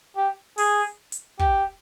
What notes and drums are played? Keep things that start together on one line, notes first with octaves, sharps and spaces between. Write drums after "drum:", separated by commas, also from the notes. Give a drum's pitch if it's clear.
G4
G#4, drum: open hi-hat
drum: hi-hat
G4, drum: kick